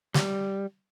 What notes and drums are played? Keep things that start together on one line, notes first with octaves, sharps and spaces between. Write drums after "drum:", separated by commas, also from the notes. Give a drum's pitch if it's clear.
G3, drum: snare